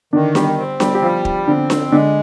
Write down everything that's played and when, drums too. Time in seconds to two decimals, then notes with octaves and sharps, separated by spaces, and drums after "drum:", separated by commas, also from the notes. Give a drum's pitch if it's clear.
0.13 D3 D#3 D4
0.35 G3 G4, drum: snare D4
0.58 C4
0.80 G3 G4, drum: snare D4
0.95 G4
1.02 F3 G3 F4
1.25 drum: kick
1.47 D3 C4 D4
1.70 drum: snare D4
1.92 D3 G#3 D4